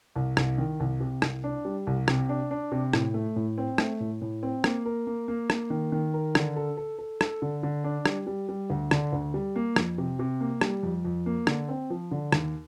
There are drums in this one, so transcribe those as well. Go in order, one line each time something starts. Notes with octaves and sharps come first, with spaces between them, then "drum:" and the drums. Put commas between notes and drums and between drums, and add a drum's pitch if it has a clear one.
C2
C2, drum: rim click
D#3
C2
C3
C2, drum: rim click
D4
G3
C2
C3, drum: rim click
D4
D4
C3
A2, drum: rim click
A3
A2
C4
A3, drum: rim click
A2
A2
C4
A#3, drum: rim click
A#4
A#3
A#3
A#3, drum: rim click
D#3
D#3
A#4
D3, drum: rim click
A4
A4
A4
A4, drum: rim click
D3
D3
D4
G3, drum: rim click
G3
G3
D2
D3, drum: rim click
D2
G3
A#3
F2, drum: rim click
C3
C3
A#3
G3, drum: rim click
F2
F2
A#3
D3, drum: rim click
C4
F3
D3
D#2, drum: rim click